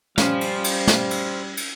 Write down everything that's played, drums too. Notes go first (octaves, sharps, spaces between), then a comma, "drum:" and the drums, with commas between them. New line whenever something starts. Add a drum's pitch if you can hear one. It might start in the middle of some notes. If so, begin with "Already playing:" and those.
G3 C#4 C5 F5, drum: snare
drum: cymbal
drum: cymbal
drum: snare
drum: cymbal
drum: cymbal